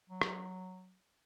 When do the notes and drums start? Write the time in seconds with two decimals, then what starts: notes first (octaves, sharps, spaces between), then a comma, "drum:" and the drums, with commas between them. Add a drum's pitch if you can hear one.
0.09 F#3
0.22 drum: rim click